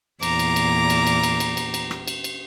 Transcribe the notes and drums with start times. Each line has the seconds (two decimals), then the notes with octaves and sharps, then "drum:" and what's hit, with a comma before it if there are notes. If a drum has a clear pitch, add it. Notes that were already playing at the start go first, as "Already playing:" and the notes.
0.23 E2 A#2 A#5 D6, drum: cymbal
0.39 drum: cymbal
0.56 drum: cymbal
0.90 drum: cymbal
1.07 drum: cymbal
1.23 drum: cymbal
1.40 drum: cymbal
1.57 drum: cymbal
1.74 drum: cymbal
1.91 drum: rim click
2.08 drum: cymbal
2.24 drum: cymbal